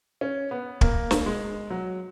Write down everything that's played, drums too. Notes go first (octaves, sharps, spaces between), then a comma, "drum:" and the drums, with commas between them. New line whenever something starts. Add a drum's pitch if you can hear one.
C#4
B3
A#3, drum: kick
drum: snare
G#3
F#3